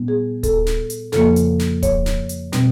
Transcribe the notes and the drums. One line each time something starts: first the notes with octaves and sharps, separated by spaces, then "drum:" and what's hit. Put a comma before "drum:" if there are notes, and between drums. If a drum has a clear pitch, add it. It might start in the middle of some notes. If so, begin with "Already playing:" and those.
Already playing: A#2 G3 B3
G#4
A4, drum: kick D1, hi-hat
drum: snare
drum: hi-hat
F2 C#3 F3 A#3 A4, drum: snare
drum: hi-hat
drum: snare
C#5, drum: kick D1, hi-hat
drum: snare
drum: hi-hat
B2 G3 C4, drum: snare